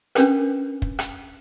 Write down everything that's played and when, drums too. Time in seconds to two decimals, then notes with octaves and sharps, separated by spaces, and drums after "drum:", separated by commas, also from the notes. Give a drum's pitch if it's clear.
0.15 C#4 D4 A#4 B4, drum: rim click
0.82 drum: kick
0.99 drum: rim click